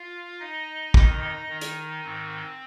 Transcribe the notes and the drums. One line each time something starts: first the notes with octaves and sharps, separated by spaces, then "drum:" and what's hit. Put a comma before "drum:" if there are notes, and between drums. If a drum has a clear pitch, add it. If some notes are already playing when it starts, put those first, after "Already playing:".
Already playing: F4 F5
D#4 D#5
F2 D#3, drum: kick
D#3 D#4
drum: hi-hat
G#2 D#3 C4